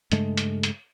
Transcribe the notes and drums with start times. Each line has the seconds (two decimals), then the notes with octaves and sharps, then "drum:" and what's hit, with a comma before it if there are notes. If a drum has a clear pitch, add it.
0.12 G2 C#3 G#3 A3, drum: hi-hat
0.37 drum: hi-hat
0.63 drum: hi-hat